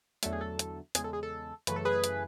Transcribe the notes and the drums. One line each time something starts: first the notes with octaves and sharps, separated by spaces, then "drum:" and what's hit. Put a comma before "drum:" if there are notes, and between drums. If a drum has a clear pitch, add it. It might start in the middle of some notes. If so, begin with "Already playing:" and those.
E2 D3 F#3 A3 A4, drum: hi-hat
G#4
A4
drum: hi-hat
E2 C#3 G#3 G#4, drum: hi-hat
A4
G#4
A4
F#2 C#3 E3 A3 B4, drum: hi-hat
A4
G#4 B4
drum: hi-hat